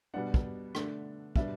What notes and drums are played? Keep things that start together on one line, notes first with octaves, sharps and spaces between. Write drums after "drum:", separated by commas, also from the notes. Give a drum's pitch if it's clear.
B2 G3 B3 D4 F#5
drum: kick
D3 A3 D4, drum: rim click
B2 G3 D4 E5, drum: kick